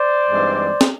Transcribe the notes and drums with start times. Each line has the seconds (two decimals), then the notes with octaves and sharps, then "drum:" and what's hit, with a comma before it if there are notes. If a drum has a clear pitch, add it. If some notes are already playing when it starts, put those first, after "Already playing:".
Already playing: C5 D5
0.28 G2 E3 G#3 C4 D#4
0.81 drum: snare